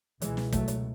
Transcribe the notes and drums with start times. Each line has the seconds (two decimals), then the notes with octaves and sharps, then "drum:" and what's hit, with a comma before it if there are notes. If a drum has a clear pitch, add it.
0.22 C#2 B2 E3 G#3, drum: hi-hat
0.37 drum: snare
0.53 F#3 A3, drum: kick, hi-hat
0.68 drum: hi-hat